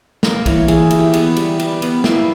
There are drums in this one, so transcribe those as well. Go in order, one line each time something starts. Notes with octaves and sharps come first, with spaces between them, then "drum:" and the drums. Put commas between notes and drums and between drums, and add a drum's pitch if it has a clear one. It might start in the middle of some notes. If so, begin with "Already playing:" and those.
A#3 A#4, drum: snare
E3 C#5, drum: kick B1, cymbal
E3 G#4, drum: cymbal
E3, drum: cymbal
G4
B3, drum: cymbal
G3, drum: cymbal
G3, drum: cymbal
B3, drum: cymbal
A#3 E4, drum: snare